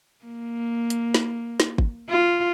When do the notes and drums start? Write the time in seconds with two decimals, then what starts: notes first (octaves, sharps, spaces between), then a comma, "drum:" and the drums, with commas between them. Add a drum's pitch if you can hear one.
0.25 A#3
0.90 drum: hi-hat
1.14 drum: snare
1.60 drum: snare
1.78 drum: kick G#1
2.09 F4